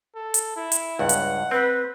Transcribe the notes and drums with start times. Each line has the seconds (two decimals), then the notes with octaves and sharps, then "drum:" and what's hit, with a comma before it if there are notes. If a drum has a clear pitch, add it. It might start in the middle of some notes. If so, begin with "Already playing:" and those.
0.15 A4
0.34 drum: hi-hat
0.56 E4
0.72 drum: hi-hat
0.99 C#2 G2 F#5
1.09 drum: hi-hat
1.51 C4 B4